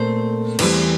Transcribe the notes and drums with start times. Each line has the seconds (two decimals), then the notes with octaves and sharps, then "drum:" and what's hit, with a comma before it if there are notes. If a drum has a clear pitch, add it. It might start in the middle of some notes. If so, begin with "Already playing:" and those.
Already playing: A#2 A3 C4 C5
0.59 E2 E3 G3 C4, drum: cymbal